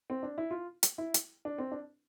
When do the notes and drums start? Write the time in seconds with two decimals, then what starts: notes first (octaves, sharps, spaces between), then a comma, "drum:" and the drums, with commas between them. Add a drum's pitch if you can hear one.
0.10 C4
0.23 D4
0.38 E4
0.51 F4
0.83 drum: hi-hat
0.98 E4
1.14 drum: hi-hat
1.45 D4
1.58 C4
1.72 D4